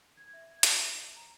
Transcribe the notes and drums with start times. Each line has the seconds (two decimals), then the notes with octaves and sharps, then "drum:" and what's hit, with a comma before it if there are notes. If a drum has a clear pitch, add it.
0.17 G#6
0.33 E5
0.48 G#6
0.63 D#7, drum: hi-hat
0.86 D#7
1.16 A#5